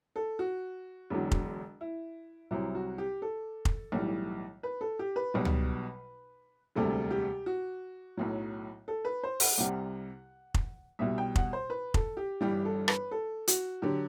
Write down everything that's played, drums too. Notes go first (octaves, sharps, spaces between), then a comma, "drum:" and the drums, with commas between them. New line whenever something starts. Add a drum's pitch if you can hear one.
A4
F#4
E1 E2 D3 F#3
drum: kick F1
E4
C2 C3 F#3 E4
F#4
G4
A4
drum: kick F1
B1 A2 E3 G3
B4
A4
G4
B4
B1 B2 G3
drum: tom
E1 D2 C3 G3 A4
G4
F#4
B1 A2 F#3
A4
B4
C5
F#5, drum: open hi-hat
C2 C3 G3 F#5
drum: kick F1
C2 B2 G3 E5
G5
F#5, drum: kick F1
C5
B4
A4, drum: kick F1
G4
G1 G2 E3 G3 G4
A4
B4, drum: rim click
A4
F#4, drum: hi-hat
D3 F#3 G4